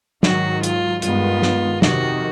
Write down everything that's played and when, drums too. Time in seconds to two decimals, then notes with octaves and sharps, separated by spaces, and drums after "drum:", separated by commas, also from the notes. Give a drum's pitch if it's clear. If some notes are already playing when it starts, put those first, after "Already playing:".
0.23 G#2 D#3 F#3 F#4, drum: snare
0.63 F4, drum: hi-hat
1.02 G2 D#3 G#3 B3 F4, drum: hi-hat
1.43 drum: snare
1.82 F2 C3 D#3 F#4, drum: snare